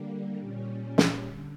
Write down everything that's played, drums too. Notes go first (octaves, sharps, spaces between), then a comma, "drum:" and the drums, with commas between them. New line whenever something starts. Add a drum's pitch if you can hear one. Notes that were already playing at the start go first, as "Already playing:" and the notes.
Already playing: D3 G3 A#3
A#2 G3 C#4
drum: snare
D3